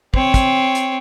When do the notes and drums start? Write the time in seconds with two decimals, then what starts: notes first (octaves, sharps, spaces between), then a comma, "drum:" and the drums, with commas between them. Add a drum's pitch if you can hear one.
0.14 C4 C#5, drum: kick
0.34 drum: kick, hi-hat
0.75 drum: hi-hat